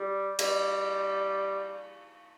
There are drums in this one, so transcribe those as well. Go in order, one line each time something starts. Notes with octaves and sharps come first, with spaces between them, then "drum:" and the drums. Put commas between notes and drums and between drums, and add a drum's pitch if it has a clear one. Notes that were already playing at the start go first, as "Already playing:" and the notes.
Already playing: G3
G3, drum: cymbal